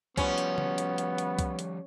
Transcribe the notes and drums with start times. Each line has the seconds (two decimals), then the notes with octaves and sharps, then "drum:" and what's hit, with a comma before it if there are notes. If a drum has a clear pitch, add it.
0.18 F3 G3 B3 C#4, drum: kick C2, hi-hat
0.38 drum: hi-hat
0.58 drum: tom D3
0.78 drum: hi-hat
0.98 drum: hi-hat
1.18 drum: hi-hat
1.39 drum: kick C2, hi-hat
1.59 drum: hi-hat